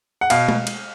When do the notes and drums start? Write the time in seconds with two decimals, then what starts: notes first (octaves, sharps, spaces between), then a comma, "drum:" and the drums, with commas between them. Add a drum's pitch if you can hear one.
0.21 F#5
0.30 B2 F5, drum: cymbal
0.49 drum: tom G#3
0.67 drum: cymbal